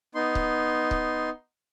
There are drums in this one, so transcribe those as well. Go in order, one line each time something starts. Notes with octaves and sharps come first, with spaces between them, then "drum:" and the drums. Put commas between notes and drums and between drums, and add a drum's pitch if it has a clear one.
B3 D#4 C6
drum: kick
drum: kick